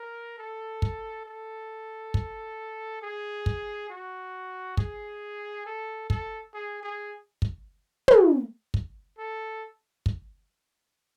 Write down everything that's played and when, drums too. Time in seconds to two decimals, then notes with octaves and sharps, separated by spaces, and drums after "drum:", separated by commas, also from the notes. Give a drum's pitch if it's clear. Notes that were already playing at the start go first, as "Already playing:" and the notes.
Already playing: A#4
0.38 A4
0.82 drum: kick
1.26 A4
2.14 drum: kick
3.02 G#4
3.46 drum: kick
3.90 F#4
4.77 G#4, drum: kick
5.66 A4
6.10 A4, drum: kick
6.54 G#4
6.83 G#4
7.42 drum: kick
8.08 drum: tom
8.74 drum: kick
9.18 A4
10.06 drum: kick